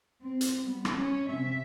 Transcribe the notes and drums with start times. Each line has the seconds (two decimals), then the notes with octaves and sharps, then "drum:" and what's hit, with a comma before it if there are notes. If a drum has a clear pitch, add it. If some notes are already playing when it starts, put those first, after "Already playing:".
0.22 C4
0.41 drum: hi-hat
0.65 G3 B3
0.85 drum: rim click
0.96 C#4 C#5
1.29 C3 E5